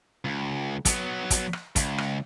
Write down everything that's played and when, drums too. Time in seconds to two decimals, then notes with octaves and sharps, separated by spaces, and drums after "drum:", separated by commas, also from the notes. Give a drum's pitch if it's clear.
0.25 C#2
0.85 F#3 B3, drum: kick, hi-hat
1.31 drum: kick, hi-hat
1.53 drum: rim click
1.76 C#2, drum: kick, hi-hat
1.98 drum: rim click